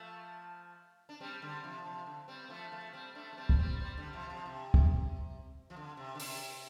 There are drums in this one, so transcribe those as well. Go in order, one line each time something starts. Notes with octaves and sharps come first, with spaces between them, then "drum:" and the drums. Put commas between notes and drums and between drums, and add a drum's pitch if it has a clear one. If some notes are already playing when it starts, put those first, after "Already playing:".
Already playing: F3 A3
D4
G3 C4
D3 G3
C3 F3
C3 F3
D3
G3 C4
C4
F3 A3
F3 A3
G3 C4
A3 D4
A3
G3 C4
drum: kick
G3 C4
G3 C4
D3 G3
C3 F3
C3 F3
C3
drum: kick
F3
D3
C3
D3
C3, drum: open hi-hat